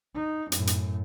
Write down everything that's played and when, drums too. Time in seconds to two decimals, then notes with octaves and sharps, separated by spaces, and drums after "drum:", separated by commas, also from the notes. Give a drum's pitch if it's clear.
0.15 D#4
0.52 F#2 A2, drum: hi-hat
0.67 drum: hi-hat